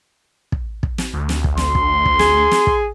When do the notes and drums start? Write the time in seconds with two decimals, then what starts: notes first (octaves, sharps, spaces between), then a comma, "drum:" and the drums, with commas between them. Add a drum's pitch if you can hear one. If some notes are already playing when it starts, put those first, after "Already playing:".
0.52 drum: kick
0.83 drum: kick
0.98 drum: snare
1.14 D2
1.29 drum: snare
1.44 drum: kick
1.57 C6, drum: snare
1.75 drum: kick
2.05 drum: kick
2.19 G#4, drum: snare
2.51 drum: snare
2.67 drum: kick